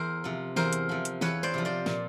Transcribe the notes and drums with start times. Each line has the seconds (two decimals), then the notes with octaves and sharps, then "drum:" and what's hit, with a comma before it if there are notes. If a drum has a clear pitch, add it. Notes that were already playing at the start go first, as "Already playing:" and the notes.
Already playing: E2 A#4 C5
0.24 C3 F3
0.56 E2 A#4 C5, drum: snare
0.73 drum: hi-hat
0.89 C3 F3
1.05 drum: hi-hat
1.21 E2 B4 C#5, drum: snare
1.43 C5 D5
1.54 C3 F3
1.65 C5 D5
1.86 A#2, drum: snare